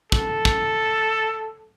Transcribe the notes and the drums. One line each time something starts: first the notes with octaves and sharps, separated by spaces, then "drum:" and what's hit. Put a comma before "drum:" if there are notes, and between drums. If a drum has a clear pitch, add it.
A4, drum: kick
drum: kick